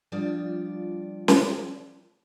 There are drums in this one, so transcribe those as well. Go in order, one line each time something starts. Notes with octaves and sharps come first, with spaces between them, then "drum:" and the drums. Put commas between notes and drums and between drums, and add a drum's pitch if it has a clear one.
F3 G3 D4 F4 D5
drum: snare